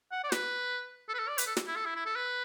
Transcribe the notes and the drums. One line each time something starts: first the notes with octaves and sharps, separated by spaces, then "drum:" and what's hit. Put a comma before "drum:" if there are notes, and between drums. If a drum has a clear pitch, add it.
F#5
D5
B4, drum: snare
A4
B4
A4
D5
B4, drum: hi-hat
A4
drum: snare
E4
A4
E4
E4
A4
B4